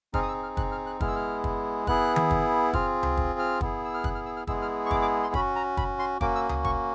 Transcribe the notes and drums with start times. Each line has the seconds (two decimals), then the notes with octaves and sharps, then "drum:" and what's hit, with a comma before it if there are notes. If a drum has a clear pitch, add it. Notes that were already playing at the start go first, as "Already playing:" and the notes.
0.14 C4 D#4 G#4 F6, drum: kick
0.23 D#6
0.28 E6
0.43 F6
0.57 F#6, drum: kick
0.72 F6
0.86 F#6
1.01 G#3 B3 E4 G#4 F6, drum: kick
1.08 E6
1.16 F6
1.44 drum: kick
1.87 B3 E4 G#4 F#6, drum: kick
2.16 drum: tom D#3
2.31 drum: kick
2.73 C4 F4 G#4 F6, drum: kick
3.03 drum: tom C#2
3.17 drum: kick
3.39 F6
3.61 B3 E4 G#4, drum: kick
3.85 E6
3.94 F6
4.04 F#6, drum: kick
4.15 F6
4.26 E6
4.37 F6
4.47 G#3 B3 E4 G#4 E6, drum: kick
4.62 F6
4.86 C#6
4.91 D6, drum: kick
5.02 D6
5.23 C6
5.34 C#4 F#4 B5, drum: kick
5.56 A#5
5.77 B5, drum: kick
5.99 C6
6.21 A#3 C#4 F#4 D6, drum: kick
6.35 E6
6.49 D#6, drum: tom C#2
6.64 C#6, drum: kick